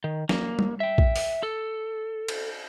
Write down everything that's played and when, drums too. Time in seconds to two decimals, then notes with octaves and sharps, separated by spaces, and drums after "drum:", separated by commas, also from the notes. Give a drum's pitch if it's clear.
0.04 D#3
0.29 A#3, drum: snare
0.59 drum: tom G3
0.80 E5 G5
0.98 drum: kick A#1
1.16 drum: open hi-hat
1.43 A4
2.28 drum: cymbal